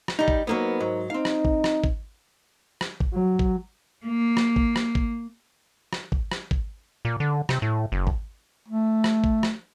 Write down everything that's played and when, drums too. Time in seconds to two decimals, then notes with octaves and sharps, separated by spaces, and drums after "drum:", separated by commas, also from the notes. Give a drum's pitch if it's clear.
0.08 drum: rim click
0.19 G3 D#4
0.28 drum: kick G#1
0.47 F#3 A#3 B3 D#4 A#4 C5
0.80 G#2 F#3
1.10 C4 D#4 F5
1.25 drum: rim click
1.45 drum: kick G#1
1.64 drum: rim click
1.84 drum: kick G#1
2.81 drum: rim click
3.00 drum: kick G#1
3.14 F#3
3.39 drum: kick G#1
4.06 A#3
4.37 drum: rim click
4.56 drum: kick G#1
4.76 drum: rim click
4.95 drum: kick G#1
5.93 drum: rim click
6.12 drum: kick G#1
6.32 drum: rim click
6.51 drum: kick G#1
7.05 A#2
7.20 D3
7.49 C3, drum: rim click
7.62 A2
7.92 F#1
8.07 drum: kick G#1
8.68 A3
9.04 drum: rim click
9.24 drum: kick G#1
9.43 drum: rim click